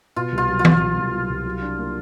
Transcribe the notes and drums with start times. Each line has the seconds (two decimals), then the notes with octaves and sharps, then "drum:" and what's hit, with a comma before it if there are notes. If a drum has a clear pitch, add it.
0.16 B2 F4
0.32 C2
0.38 F4
0.48 F#3
0.59 F4
0.65 C2, drum: tom E3
0.81 B2
0.97 C2
1.13 F#3
1.29 C2
1.45 F#3
1.62 D4
1.78 A#3